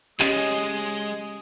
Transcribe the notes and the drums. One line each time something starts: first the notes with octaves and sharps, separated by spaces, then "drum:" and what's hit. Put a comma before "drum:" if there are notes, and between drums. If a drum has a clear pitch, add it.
G#3 C#4 G4 D#6, drum: clap